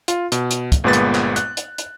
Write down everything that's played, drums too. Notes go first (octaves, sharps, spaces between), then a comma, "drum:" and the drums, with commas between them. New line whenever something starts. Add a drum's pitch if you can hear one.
F4, drum: hi-hat
B2, drum: hi-hat
drum: hi-hat
drum: kick, hi-hat
G1 A#2 G#3 B3 B4 A6
drum: hi-hat
drum: clap
F#6, drum: hi-hat
drum: hi-hat
drum: hi-hat